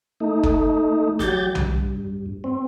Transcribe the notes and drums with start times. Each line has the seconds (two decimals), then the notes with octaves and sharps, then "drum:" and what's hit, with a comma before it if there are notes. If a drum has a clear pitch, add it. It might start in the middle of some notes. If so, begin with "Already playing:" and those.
0.20 A3 D#4
0.43 drum: kick F#1
1.19 F#3 G4 G6 A6, drum: snare
1.55 G2, drum: tom B1
2.44 C4